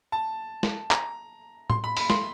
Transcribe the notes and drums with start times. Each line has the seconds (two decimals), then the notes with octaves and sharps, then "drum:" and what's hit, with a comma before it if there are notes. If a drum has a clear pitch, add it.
0.12 A5
0.63 drum: snare
0.91 A#5, drum: clap
1.70 C6, drum: tom A2
1.84 B5
1.97 B5, drum: open hi-hat
2.10 C6, drum: snare